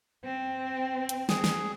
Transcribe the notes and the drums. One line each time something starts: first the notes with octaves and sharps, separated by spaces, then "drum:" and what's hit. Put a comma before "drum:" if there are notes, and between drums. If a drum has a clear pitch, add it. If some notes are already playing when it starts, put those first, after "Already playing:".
C4 G5
drum: hi-hat
G#4, drum: snare
drum: snare